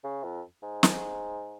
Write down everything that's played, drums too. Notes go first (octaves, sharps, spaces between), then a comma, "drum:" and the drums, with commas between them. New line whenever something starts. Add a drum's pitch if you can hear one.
C#3
F2
G#2
drum: snare